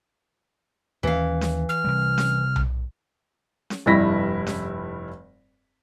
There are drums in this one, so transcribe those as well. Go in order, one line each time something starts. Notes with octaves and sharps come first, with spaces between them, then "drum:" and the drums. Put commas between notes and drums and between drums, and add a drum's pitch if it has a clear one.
D#2 E3 G#3 C#4 F5
drum: snare C#4
F6
C3 G3
drum: snare C#4
drum: tom B1
drum: snare C#4
F1 G2 G3 E4 A#6 B6
drum: snare C#4